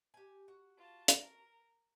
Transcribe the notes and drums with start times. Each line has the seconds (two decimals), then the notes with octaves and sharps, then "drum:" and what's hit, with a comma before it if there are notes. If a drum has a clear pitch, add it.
0.14 G4 G#5
0.48 F#4
0.76 F4 A5
1.08 A#4, drum: hi-hat